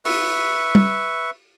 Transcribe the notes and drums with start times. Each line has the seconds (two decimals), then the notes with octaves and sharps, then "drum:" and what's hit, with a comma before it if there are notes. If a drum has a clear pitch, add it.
0.05 B4 E5 C#6, drum: open hi-hat
0.75 drum: tom